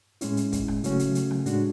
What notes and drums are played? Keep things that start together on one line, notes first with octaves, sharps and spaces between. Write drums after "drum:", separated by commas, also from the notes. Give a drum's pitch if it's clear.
A2 G#3 C#4 E4, drum: hi-hat
drum: hi-hat
drum: kick, hi-hat
drum: rim click
C#3 F#3 A3 C#4 F#4, drum: hi-hat
drum: hi-hat
drum: hi-hat
drum: rim click
A2 G#3 D4 F#4, drum: hi-hat